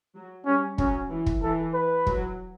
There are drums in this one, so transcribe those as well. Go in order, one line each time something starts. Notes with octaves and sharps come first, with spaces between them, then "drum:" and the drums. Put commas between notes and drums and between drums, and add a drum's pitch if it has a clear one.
F#3
G3 C#4
F#3 C#4, drum: kick
E3
drum: kick
E3 A4
B4
F#3, drum: kick